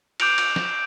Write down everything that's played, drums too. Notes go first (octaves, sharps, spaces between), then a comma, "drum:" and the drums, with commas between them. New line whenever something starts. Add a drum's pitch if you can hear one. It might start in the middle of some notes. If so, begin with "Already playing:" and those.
D6 G6 D7 F7 F#7, drum: cymbal
drum: cymbal
drum: snare